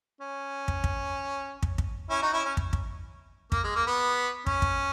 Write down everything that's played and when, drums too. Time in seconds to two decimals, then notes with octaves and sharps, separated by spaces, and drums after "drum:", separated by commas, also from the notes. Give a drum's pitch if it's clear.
0.21 C#4
0.68 drum: kick
0.84 drum: kick
1.62 drum: kick
1.78 drum: kick
2.10 C#4 E4
2.22 D#4 F#4
2.33 C#4 E4
2.45 C#4
2.57 drum: kick
2.73 drum: kick
3.52 A#3, drum: kick
3.64 G#3
3.75 A#3
3.87 B3
4.46 C#4, drum: kick
4.62 drum: kick